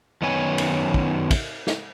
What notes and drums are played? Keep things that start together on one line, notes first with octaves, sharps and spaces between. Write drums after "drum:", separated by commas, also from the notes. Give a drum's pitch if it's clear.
F#2 D#3 B3 C#5 G#5
drum: cymbal
drum: kick
drum: kick, cymbal
drum: snare